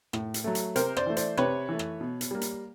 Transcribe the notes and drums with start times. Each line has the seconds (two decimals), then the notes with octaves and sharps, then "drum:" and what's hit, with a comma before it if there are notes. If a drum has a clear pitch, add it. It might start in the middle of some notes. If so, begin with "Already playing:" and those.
0.13 A2, drum: rim click
0.34 drum: hi-hat
0.44 F#3 A3
0.55 drum: hi-hat
0.76 C3 A#4 C5, drum: hi-hat
0.97 C5 D5, drum: rim click
1.06 E3 A3
1.17 C5 D5, drum: hi-hat
1.37 C3 B4 C#5, drum: rim click
1.69 E3 A3
1.79 drum: rim click
2.01 B2
2.21 drum: hi-hat
2.31 G3 A#3
2.41 drum: hi-hat